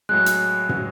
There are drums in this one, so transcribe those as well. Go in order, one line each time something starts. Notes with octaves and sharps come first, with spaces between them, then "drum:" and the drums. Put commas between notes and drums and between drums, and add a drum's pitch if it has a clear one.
A2 F#3 G#3 F#6
drum: hi-hat
drum: tom